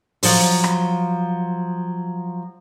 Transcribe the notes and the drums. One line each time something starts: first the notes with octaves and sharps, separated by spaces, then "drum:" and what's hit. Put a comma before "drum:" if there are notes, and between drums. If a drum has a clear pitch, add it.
F3 F#3 C5, drum: open hi-hat
drum: rim click